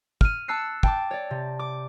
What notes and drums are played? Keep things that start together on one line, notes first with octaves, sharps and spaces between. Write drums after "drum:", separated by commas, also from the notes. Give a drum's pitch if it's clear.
F6 D#7, drum: kick
A5 E6 F#6 C7 C#7
G5 A5 D6, drum: kick
C#5 D5
C3
D6